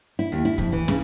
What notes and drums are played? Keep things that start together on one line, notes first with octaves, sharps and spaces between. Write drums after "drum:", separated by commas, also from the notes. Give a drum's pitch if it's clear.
E4
D#2
E4
F2, drum: kick C2, hi-hat
E3
C#3, drum: snare